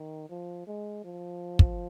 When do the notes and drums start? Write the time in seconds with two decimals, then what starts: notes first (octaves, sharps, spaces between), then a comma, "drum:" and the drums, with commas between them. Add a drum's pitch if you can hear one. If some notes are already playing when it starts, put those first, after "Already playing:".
Already playing: D#3
0.29 F3
0.67 G#3
1.04 F3
1.59 drum: kick